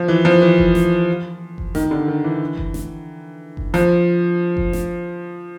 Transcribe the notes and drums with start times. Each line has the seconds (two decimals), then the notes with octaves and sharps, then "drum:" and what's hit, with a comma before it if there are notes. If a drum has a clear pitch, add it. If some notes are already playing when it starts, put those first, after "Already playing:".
Already playing: F3
0.08 E3
0.25 F3
0.42 E3
0.58 drum: kick F#1
0.75 drum: snare A1
1.58 drum: kick F#1
1.75 D#3, drum: snare A1
1.91 D3
2.08 D#3
2.24 E3
2.58 drum: kick F#1
2.74 drum: snare A1
3.57 drum: kick F#1
3.74 F3, drum: snare A1
4.57 drum: kick F#1
4.73 drum: snare A1